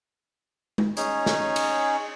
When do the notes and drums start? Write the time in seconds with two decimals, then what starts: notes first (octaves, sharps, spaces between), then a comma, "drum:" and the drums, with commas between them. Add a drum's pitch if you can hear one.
0.78 drum: tom G#3
0.97 C#4 D#4 G#4 C#5, drum: hi-hat
1.26 drum: snare
1.56 drum: cymbal